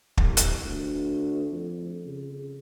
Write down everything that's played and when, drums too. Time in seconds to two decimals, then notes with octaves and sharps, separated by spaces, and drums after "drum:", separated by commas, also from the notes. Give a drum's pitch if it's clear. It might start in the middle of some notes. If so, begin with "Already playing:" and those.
0.17 C2, drum: kick
0.37 drum: hi-hat
0.65 D2
1.52 F2
2.05 C#3